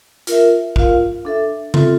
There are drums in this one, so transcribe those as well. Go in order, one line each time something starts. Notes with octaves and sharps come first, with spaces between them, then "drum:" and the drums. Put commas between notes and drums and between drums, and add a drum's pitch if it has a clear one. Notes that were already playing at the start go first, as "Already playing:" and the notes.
F4 A#4 E5, drum: hi-hat
F4 A#4 F5, drum: kick
D4 A4 E5
C4 F4 A4 E5, drum: tom C#3